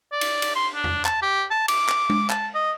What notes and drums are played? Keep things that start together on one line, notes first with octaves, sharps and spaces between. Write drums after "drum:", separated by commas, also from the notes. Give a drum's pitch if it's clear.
D5
drum: cymbal
drum: cymbal
C6
D4
drum: tom E2
A5, drum: clap
G4
A5
D6, drum: cymbal
drum: clap
drum: tom
A5, drum: clap
D#5